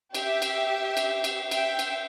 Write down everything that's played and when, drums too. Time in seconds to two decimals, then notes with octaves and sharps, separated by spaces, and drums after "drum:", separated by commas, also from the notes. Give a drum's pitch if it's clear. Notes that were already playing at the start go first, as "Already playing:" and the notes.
0.15 G4 E5, drum: cymbal
0.42 drum: cymbal
0.97 drum: cymbal
1.24 drum: cymbal
1.51 E5 G5, drum: cymbal
1.79 drum: cymbal